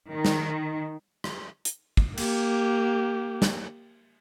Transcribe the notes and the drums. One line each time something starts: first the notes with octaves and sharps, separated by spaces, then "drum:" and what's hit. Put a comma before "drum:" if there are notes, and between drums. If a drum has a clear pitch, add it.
D#3
drum: snare
drum: rim click
drum: hi-hat
drum: kick
A#3 G4, drum: cymbal
drum: snare